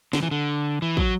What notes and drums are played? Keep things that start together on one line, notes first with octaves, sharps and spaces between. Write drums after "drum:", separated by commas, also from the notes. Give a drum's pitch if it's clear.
D3, drum: snare
E3
D3
E3
F#3, drum: kick